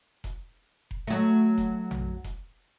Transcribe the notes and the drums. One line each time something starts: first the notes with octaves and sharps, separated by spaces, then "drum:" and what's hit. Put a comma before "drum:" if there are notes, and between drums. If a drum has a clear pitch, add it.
drum: kick F1, hi-hat
drum: kick F1
F#3 A3
drum: kick F1, hi-hat
drum: tom A#1
drum: kick F1, hi-hat